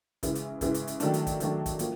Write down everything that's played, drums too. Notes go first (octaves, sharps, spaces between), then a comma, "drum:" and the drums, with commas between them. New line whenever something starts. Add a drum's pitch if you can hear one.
C#3 E3 G#3, drum: kick, hi-hat
drum: hi-hat
C#3 E3 G#3, drum: kick, hi-hat
drum: hi-hat
drum: hi-hat
D#3 F#3 A3 D4, drum: hi-hat
drum: hi-hat
drum: kick, hi-hat
D#3 F#3 A3 D4, drum: hi-hat
drum: kick, hi-hat
F3 A#3, drum: hi-hat